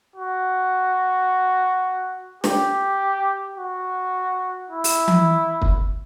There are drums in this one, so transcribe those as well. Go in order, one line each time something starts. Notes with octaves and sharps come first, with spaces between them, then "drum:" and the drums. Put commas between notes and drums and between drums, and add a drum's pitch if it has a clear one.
F#4
G4, drum: snare
F#4
E4
drum: open hi-hat
drum: tom E3
drum: kick